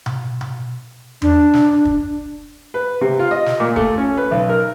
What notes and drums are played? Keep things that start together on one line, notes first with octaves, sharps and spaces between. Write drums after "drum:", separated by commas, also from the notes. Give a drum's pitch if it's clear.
drum: tom B2
drum: tom B2
D4, drum: tom E2
drum: snare
drum: kick
B4
C3
F4
D#5
drum: snare
A#2
A3, drum: kick
C#4
B4
B1
A#4